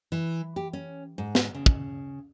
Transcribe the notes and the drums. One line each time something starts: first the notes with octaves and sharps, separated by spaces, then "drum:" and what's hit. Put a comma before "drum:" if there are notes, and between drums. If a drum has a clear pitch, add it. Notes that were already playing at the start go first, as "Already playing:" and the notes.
E3
G4
C#4
G#2
drum: snare
C#3
drum: kick